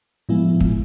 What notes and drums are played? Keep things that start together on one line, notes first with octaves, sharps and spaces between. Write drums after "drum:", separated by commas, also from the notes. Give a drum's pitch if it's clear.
A2 F3 G#3 B3 E4
drum: kick